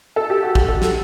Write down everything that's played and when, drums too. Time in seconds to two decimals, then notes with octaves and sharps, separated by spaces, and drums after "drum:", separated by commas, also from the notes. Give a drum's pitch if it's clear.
0.16 A4
0.30 G4
0.43 F#4
0.55 G4, drum: kick
0.68 A4
0.82 drum: snare